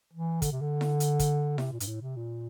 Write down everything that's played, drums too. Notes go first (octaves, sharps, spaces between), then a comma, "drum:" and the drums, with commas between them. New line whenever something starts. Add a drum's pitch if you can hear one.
E3
D3, drum: kick, hi-hat
C3
D3
drum: snare E4
drum: hi-hat
drum: kick, hi-hat
C3, drum: snare E4
A#2
G2, drum: hi-hat
A2
C3
A#2